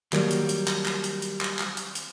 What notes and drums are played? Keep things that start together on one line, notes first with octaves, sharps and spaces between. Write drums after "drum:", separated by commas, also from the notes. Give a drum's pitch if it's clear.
D#3 F#3 G3 A#3, drum: clap
drum: hi-hat
drum: hi-hat
drum: clap
drum: clap
drum: hi-hat
drum: hi-hat
drum: clap
drum: clap
drum: hi-hat
drum: hi-hat